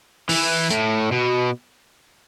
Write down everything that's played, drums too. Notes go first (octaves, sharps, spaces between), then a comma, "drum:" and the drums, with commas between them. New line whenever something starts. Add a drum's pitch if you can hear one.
E3, drum: open hi-hat
A2, drum: hi-hat
B2